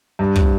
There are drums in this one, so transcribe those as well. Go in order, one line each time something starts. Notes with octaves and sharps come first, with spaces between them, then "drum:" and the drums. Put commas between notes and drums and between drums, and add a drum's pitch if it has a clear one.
G2
drum: kick